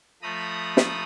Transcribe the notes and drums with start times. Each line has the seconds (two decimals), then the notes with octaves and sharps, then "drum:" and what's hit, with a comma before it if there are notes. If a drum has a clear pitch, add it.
0.22 F3 A3 A#5 B5 D#6
0.77 drum: snare